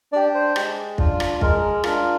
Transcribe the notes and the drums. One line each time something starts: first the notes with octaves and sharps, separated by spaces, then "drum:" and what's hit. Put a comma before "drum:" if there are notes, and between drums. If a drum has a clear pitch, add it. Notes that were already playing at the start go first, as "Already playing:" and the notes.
D4 G4 D5
C5
G#3, drum: rim click
D4 F4, drum: kick
drum: rim click
G#3 A#4, drum: kick
D4 F4 A#4, drum: rim click